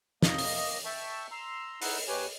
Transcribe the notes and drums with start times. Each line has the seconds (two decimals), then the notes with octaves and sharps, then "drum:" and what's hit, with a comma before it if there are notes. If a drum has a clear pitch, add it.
0.22 A#3 D#5, drum: snare
0.38 drum: open hi-hat
0.85 E5 G5 A5 C#6
1.31 A#5 C6 E6
1.82 D#4 E4 E5 F#5 B5 F#6, drum: open hi-hat
2.08 D#2 G4 B4 C#5 G#5